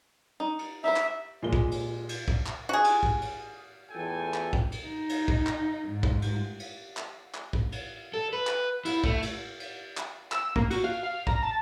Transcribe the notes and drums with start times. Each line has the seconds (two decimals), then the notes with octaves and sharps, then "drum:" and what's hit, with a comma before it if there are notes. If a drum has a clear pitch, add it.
0.40 D#4
0.59 drum: cymbal
0.84 D#4 E4 C5 E5
0.96 drum: clap
1.42 A#2 G#3 G7
1.53 drum: kick
1.71 drum: cymbal
2.09 drum: cymbal
2.28 drum: kick
2.46 drum: clap
2.69 F#4 G#4
2.84 drum: cymbal
3.03 drum: kick
3.22 drum: cymbal
3.91 E2 A2 F4 A4 G5 G#5
4.34 drum: clap
4.53 drum: kick
4.72 drum: cymbal
4.87 D#4
5.09 drum: cymbal
5.28 drum: kick
5.47 drum: clap
5.89 G#2
6.03 drum: kick
6.22 drum: cymbal
6.59 drum: cymbal
6.97 drum: clap
7.35 drum: clap
7.53 drum: kick
7.72 drum: cymbal
8.14 A4
8.33 B4
8.47 drum: clap
8.85 E4, drum: cymbal
9.04 A3, drum: kick
9.22 drum: cymbal
9.60 drum: cymbal
9.97 drum: clap
10.32 E6, drum: clap
10.56 A#3, drum: kick
10.70 F#4, drum: cymbal
10.84 F5
11.03 F5
11.27 A#5, drum: kick
11.43 A5